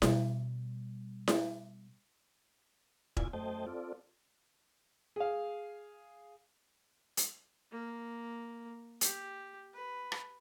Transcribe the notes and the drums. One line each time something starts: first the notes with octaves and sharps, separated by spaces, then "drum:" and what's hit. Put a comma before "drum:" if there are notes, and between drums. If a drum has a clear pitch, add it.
B2 G3, drum: snare E4
drum: snare E4
B2 E4 F4 D5 G#5 G#6, drum: kick E1
F#2 A3 C5 D#5 G5 A5
C4 F4 A4 D5
G#4 F5
drum: hi-hat
A#3
G4, drum: hi-hat
B4
drum: rim click